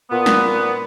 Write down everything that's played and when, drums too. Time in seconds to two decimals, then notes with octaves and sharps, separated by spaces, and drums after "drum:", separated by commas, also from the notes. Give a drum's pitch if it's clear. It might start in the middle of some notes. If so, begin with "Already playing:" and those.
0.11 A#2 B3
0.26 drum: snare